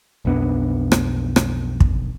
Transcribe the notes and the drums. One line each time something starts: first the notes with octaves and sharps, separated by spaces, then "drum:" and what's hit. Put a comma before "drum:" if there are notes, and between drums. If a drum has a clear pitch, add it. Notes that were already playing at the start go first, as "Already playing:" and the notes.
B1 F2 B3 D4
drum: rim click
drum: rim click
drum: kick